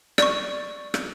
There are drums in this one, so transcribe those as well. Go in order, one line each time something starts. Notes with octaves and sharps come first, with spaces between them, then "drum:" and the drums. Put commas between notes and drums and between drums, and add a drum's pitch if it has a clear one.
D5 C#6, drum: rim click
drum: rim click